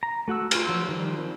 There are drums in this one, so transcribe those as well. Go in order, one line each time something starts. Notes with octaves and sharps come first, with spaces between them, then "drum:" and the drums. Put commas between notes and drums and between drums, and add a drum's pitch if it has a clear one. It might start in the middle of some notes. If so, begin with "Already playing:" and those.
A#5
A3 F#4 F#5 E6
F4 F6, drum: cymbal
F3 F#3 C6 E6
D#3 F3 G3
C4